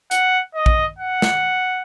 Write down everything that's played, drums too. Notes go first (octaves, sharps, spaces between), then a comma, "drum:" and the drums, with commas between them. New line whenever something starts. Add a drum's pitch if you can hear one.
F#5, drum: hi-hat
D#5
drum: kick A#1
F#5
drum: snare